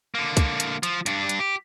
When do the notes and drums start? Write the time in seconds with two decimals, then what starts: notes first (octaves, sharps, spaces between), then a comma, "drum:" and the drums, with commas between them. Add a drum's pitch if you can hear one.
0.15 D3 A#3
0.37 drum: kick, hi-hat
0.60 drum: hi-hat
0.83 F3, drum: hi-hat
1.06 G2 D4, drum: hi-hat
1.29 drum: hi-hat
1.39 G4